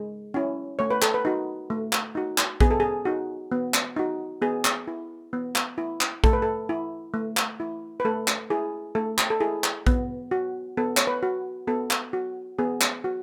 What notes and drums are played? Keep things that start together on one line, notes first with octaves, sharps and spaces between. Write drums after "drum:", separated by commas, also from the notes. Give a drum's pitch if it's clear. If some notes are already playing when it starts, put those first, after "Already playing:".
Already playing: G#3
C#4 E4
A3 C#5
B4
A4, drum: clap
B4
D#4 F#4
A3
drum: clap
D#4 F#4
drum: clap
B3 G#4, drum: kick A#1
A4
G#4
D#4 F#4
B3
drum: clap
D#4 F#4
B3 G#4
drum: clap
E4
B3
drum: clap
E4
drum: clap
A3 A4, drum: kick A#1
B4
A4
E4
A3
drum: clap
E4
B4
A3 A4
drum: clap
E4 G#4
A3 A4
drum: clap
A4
E4 G#4
drum: clap
B3, drum: kick A#1
F#4
B3 A4
C#5, drum: clap
B4
F#4
B3 A4
drum: clap
F#4
B3 G#4
drum: clap
F#4